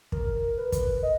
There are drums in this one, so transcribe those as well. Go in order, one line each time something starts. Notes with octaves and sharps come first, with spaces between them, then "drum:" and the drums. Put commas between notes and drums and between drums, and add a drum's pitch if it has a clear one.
A#4, drum: kick
B4
drum: kick, hi-hat
D#5